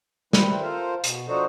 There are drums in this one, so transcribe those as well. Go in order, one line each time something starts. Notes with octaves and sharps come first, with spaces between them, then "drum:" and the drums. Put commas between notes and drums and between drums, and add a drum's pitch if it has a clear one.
D#3 G3 C4 E4 B4 C5, drum: snare
F4 A4 A#4 C5
B2, drum: hi-hat
F3 D4 D#4 F#4 A4 C5